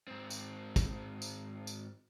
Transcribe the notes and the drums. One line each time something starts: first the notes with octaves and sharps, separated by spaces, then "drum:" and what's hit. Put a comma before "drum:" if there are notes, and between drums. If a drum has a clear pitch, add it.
G#2 C4
drum: tambourine
drum: kick, tambourine
drum: tambourine
drum: tambourine